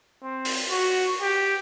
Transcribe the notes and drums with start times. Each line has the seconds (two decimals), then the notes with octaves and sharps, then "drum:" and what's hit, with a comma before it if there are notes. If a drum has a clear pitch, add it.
0.23 C4
0.45 drum: open hi-hat
0.70 F#4
1.22 G4